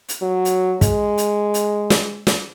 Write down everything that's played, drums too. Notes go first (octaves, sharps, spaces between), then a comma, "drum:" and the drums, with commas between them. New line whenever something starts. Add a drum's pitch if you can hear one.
drum: hi-hat
F#3
drum: hi-hat
G#3, drum: kick, hi-hat
drum: hi-hat
drum: hi-hat
drum: snare
drum: snare